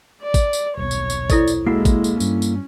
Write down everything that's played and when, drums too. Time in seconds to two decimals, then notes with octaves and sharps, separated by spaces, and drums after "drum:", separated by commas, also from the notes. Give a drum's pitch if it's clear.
0.22 D5
0.34 drum: kick, tambourine
0.53 drum: tambourine
0.77 D#1 B1 C#5
0.91 drum: tambourine
1.10 drum: tambourine
1.30 E4 A4 C5 D5, drum: kick, tambourine
1.48 drum: tambourine
1.66 G#3 A#3 E4 F#4 A4 F#5
1.85 drum: kick, tambourine
2.04 drum: tambourine
2.20 G2 C#4, drum: tambourine
2.42 drum: tambourine